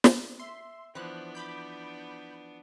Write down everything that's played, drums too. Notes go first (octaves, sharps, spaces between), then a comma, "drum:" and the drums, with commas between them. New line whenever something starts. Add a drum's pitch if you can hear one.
drum: snare
E5 C6
E3 F3 B3 D4 C5 F#6
B5 D6 G6